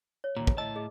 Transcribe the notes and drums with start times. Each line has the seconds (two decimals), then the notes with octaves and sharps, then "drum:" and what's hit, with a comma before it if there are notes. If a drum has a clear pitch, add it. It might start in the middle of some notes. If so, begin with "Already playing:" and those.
0.24 C#5
0.36 D#2 A#2 A#5
0.47 drum: kick
0.58 A2 D#5 A5 E6
0.76 G#4 D#5